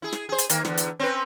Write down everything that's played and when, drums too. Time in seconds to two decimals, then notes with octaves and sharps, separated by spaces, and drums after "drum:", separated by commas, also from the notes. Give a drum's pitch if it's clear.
0.02 E4 G#4
0.12 drum: snare
0.29 G#4 C5
0.39 drum: hi-hat
0.50 D#3 A#3, drum: hi-hat
0.65 E2 D3, drum: snare
0.78 drum: hi-hat
0.99 C4 C#4 B4